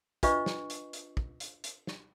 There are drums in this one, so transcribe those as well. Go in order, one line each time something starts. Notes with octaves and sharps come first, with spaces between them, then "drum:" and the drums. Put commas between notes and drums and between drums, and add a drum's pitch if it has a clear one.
D4 F4 B4 D#5 C#6, drum: kick, hi-hat
drum: snare
drum: hi-hat
drum: hi-hat
drum: kick
drum: hi-hat
drum: hi-hat
drum: snare